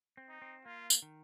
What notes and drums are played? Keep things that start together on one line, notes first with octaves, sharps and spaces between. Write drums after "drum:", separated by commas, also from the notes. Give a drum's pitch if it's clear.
C4
D#4
C4
A#3 F4
drum: tambourine
D#3